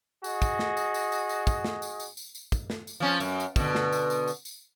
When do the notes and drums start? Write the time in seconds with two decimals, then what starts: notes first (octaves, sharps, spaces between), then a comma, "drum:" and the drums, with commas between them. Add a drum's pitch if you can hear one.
0.24 F#4 G#4 D#5, drum: tambourine
0.42 drum: kick, tambourine
0.59 drum: snare
0.77 drum: tambourine
0.94 drum: tambourine
1.12 drum: tambourine
1.29 drum: tambourine
1.47 drum: kick, tambourine
1.64 drum: snare
1.82 drum: tambourine
2.00 drum: tambourine
2.17 drum: tambourine
2.35 drum: tambourine
2.52 drum: kick, tambourine
2.70 drum: snare
2.87 drum: tambourine
3.00 F3 C#4
3.20 F#2, drum: tambourine
3.40 drum: tambourine
3.56 B2 D3, drum: kick, tambourine
3.75 drum: snare
3.92 drum: tambourine
4.10 drum: tambourine
4.28 drum: tambourine
4.45 drum: tambourine